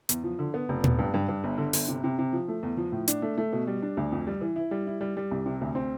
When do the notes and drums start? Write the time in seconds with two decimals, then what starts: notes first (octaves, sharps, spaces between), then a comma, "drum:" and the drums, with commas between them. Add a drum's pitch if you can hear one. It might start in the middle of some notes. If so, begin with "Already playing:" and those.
0.09 E2, drum: hi-hat
0.24 F3
0.39 D3
0.54 B3
0.69 F1
0.84 B3, drum: tom A#2
0.99 G2
1.14 G2
1.29 G2
1.44 G1
1.58 D3
1.73 G1, drum: open hi-hat
1.88 C3
2.04 C3
2.19 C3
2.33 F3
2.48 A3
2.63 E2
2.77 F3
2.92 A2
3.08 D4, drum: hi-hat
3.22 A3
3.38 A3
3.53 B2
3.67 G3
3.82 D4
3.97 D2
4.12 F2
4.27 G3
4.41 E3
4.56 E4
4.71 G3
4.87 E4
5.01 G3
5.17 G3
5.31 C2
5.46 C3
5.61 D2
5.75 C4